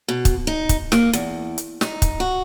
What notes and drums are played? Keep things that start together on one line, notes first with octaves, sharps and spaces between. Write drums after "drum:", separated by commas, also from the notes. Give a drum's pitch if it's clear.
B2
drum: kick, hi-hat
D#4
drum: kick, hi-hat
A#3, drum: snare
E2, drum: hi-hat
drum: hi-hat
D#4, drum: snare
drum: kick, hi-hat
F#4